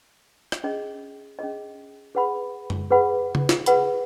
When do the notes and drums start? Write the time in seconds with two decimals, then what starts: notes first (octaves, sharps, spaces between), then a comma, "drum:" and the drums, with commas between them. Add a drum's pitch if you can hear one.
0.52 drum: rim click
0.64 C#4 G#4 D#5
1.39 C#4 G#4 D#5
2.15 G#4 B4 F#5 B5
2.70 drum: tom F#2
2.91 G#4 B4 F#5 B5
3.35 drum: tom C#3
3.49 drum: snare
3.66 G#4 B4 F#5 B5, drum: hi-hat